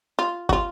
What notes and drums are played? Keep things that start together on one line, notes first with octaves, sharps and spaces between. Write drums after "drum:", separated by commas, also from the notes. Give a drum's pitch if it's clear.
F4
F#4, drum: kick
F4